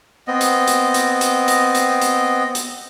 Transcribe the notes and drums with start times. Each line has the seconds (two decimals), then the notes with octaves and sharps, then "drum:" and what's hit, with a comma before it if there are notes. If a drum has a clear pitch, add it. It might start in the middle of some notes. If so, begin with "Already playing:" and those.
0.27 B3 C4 D#5
0.41 drum: hi-hat
0.68 drum: hi-hat
0.94 drum: hi-hat
1.21 drum: hi-hat
1.48 drum: hi-hat
1.75 drum: hi-hat
2.01 drum: hi-hat
2.55 drum: hi-hat